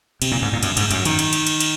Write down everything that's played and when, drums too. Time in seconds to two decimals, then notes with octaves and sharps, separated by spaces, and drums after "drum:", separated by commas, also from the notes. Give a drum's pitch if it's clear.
0.22 C3, drum: cymbal
0.32 A#2
0.42 G#2
0.53 A#2
0.63 F#2, drum: cymbal
0.77 G#2, drum: cymbal
0.91 F#2, drum: cymbal
1.05 D#3, drum: cymbal
1.19 drum: cymbal
1.33 drum: cymbal
1.47 drum: cymbal
1.60 drum: cymbal